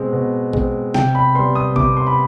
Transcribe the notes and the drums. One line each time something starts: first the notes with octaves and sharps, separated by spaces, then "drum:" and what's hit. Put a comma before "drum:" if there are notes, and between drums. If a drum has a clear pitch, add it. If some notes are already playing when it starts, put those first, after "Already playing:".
Already playing: B2 G#3 C4
B2
G#3 C4, drum: kick A1
C3 G5, drum: snare
B5
G3 B3 C6
D#6
C3 D6, drum: kick A1
C6
B5